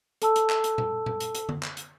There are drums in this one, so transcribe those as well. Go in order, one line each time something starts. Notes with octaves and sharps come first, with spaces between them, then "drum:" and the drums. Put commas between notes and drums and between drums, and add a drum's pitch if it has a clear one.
A4 A5 E6, drum: hi-hat
drum: hi-hat
drum: clap
drum: hi-hat
drum: tom A#2
drum: tom A#2
drum: hi-hat
drum: hi-hat
drum: tom D3
drum: clap
drum: hi-hat